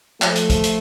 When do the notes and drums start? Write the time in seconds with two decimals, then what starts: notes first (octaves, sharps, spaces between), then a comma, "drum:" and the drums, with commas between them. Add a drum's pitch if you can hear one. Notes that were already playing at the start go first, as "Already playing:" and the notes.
0.22 F3 A3, drum: clap
0.36 drum: hi-hat
0.50 drum: kick, hi-hat
0.64 drum: hi-hat